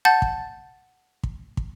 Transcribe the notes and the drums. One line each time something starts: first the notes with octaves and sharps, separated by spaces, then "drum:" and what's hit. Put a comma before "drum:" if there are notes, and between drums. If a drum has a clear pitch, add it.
F#5 A5 G6 A6
drum: kick
drum: kick
drum: kick